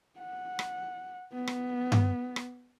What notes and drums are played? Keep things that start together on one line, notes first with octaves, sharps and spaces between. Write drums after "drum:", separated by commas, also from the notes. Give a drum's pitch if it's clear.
F#5
drum: rim click
B3
drum: rim click
drum: tom G2
drum: rim click